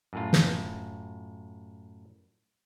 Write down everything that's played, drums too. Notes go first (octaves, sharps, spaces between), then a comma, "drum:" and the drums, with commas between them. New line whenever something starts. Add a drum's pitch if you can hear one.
F#2 A2 F4
drum: snare